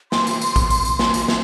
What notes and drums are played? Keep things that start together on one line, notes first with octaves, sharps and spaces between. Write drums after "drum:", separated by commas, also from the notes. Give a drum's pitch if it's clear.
C6, drum: snare
drum: tambourine
drum: tambourine
drum: kick, tambourine
drum: tambourine
drum: tambourine
drum: snare
drum: tambourine
drum: snare